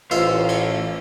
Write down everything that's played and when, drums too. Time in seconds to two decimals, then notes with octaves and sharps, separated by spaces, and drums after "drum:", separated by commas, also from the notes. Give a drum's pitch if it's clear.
0.11 A1 F4 B4 C5 F5 E6, drum: cymbal
0.49 drum: cymbal